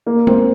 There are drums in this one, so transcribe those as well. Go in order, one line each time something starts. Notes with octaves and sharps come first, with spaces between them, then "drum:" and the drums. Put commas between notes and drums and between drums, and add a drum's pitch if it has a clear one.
A#3
C4, drum: tom